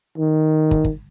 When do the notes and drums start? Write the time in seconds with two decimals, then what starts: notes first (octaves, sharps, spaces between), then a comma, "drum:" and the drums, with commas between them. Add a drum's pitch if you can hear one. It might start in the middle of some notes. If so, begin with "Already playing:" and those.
0.18 D#3
0.71 drum: kick
0.85 drum: kick